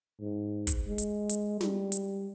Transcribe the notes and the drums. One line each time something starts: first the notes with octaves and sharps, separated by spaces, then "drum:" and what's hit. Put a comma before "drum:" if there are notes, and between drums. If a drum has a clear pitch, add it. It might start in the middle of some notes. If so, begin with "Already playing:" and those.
G#2
drum: kick, hi-hat
G#3
drum: hi-hat
drum: hi-hat
G3, drum: snare
drum: hi-hat